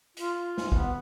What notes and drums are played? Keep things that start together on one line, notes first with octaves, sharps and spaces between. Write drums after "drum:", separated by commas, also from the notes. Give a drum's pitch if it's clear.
F4, drum: hi-hat
drum: snare
B3, drum: kick G#1